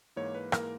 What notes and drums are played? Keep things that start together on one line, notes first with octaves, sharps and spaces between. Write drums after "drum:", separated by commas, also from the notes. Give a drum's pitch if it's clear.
G#2 E3 A#3 C#5
B4
G#2 E3 A#3 A#4, drum: rim click